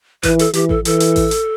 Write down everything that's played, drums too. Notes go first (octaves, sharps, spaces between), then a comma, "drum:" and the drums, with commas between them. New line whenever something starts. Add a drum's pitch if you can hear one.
E3 B4, drum: kick A1, hi-hat
A4, drum: hi-hat
E3 G4, drum: hi-hat
A4, drum: kick A1
E3 A4, drum: hi-hat
drum: hi-hat
drum: kick A1, open hi-hat
drum: hi-hat